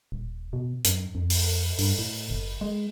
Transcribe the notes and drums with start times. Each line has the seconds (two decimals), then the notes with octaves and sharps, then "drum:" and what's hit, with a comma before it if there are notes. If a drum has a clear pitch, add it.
0.12 D#1
0.53 B2
0.85 F#2, drum: hi-hat
1.15 F2
1.30 drum: open hi-hat
1.79 G2, drum: open hi-hat
1.99 A2
2.30 F#1
2.61 G#3